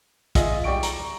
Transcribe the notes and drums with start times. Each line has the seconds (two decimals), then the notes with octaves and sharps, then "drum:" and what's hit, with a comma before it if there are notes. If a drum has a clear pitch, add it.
0.35 F4 G#4 D#5 E5, drum: kick, hi-hat
0.64 G3 D5 G5 C#6 D7
0.83 A#5, drum: hi-hat